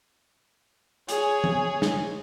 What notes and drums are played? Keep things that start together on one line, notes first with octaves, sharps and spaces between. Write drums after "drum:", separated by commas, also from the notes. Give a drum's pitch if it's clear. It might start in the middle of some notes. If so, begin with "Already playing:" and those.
G#4 C#5, drum: hi-hat
drum: tom E3
drum: snare